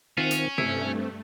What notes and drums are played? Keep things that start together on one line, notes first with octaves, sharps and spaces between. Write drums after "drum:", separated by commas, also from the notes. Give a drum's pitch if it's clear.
D#3 C4 C#4 F4 E5 F#5
drum: hi-hat
G2 A3 C4 E4, drum: tom C3